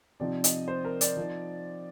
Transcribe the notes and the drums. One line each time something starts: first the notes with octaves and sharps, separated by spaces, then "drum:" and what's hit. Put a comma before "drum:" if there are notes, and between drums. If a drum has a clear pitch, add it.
C3 F3 C4 D#4 D5
D#5, drum: hi-hat
C5
A#4
D5, drum: hi-hat
F3 C4 D#4